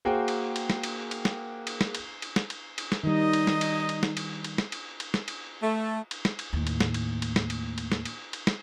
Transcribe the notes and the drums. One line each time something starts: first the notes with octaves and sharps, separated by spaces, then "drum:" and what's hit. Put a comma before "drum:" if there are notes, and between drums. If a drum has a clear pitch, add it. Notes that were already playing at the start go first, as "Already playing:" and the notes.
A#3 F#4 G#4 C5 G5
drum: cymbal
drum: cymbal
drum: snare
drum: cymbal
drum: cymbal
drum: snare
drum: cymbal
drum: snare
drum: cymbal
drum: cymbal
drum: snare
drum: cymbal
drum: cymbal
drum: snare
D#3 G3 D#4 D#5
drum: cymbal
drum: snare
drum: cymbal
drum: cymbal
drum: snare
drum: cymbal
drum: cymbal
drum: snare
drum: cymbal
drum: cymbal
drum: snare
drum: cymbal
A3
drum: cymbal
drum: snare
drum: cymbal
D#2 A2
drum: cymbal
drum: snare
drum: cymbal
drum: cymbal
drum: snare
drum: cymbal
drum: cymbal
drum: snare
drum: cymbal
drum: cymbal
drum: snare